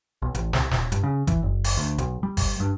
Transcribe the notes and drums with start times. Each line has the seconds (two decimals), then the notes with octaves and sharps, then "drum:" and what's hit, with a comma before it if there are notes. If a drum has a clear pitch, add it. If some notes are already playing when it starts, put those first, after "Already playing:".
0.22 B1
0.35 A1, drum: hi-hat
0.53 C2, drum: snare
0.71 D#1, drum: snare
0.92 G2, drum: hi-hat
1.03 C#3
1.27 E3, drum: kick G1, hi-hat
1.43 F#1
1.64 drum: open hi-hat
1.77 D2
1.98 B1, drum: hi-hat
2.23 G3
2.37 drum: kick G1, open hi-hat
2.60 G2